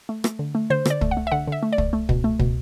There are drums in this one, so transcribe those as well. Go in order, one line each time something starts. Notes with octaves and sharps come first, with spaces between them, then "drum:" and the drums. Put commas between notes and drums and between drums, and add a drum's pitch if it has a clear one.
A3
A3, drum: rim click
D3
A3
D3 C5
D3 D5, drum: rim click
A3, drum: kick
F#5
A3
E5
D3 F#5
D3 E5
A3
D5
A3, drum: kick
A3
B2, drum: kick
A3
B2, drum: kick